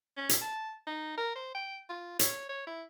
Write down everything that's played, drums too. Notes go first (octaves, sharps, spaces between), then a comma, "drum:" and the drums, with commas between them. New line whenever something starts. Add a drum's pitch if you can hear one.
C#4
drum: hi-hat
A5
D#4
A#4
C5
G5
F4
C#5, drum: hi-hat
C#5
E4